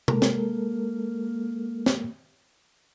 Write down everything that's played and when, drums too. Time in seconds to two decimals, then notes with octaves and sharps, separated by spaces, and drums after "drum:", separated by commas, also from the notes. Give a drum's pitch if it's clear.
0.08 G#3 A#3 A4 A#4, drum: tom C3
0.22 drum: snare
1.86 drum: snare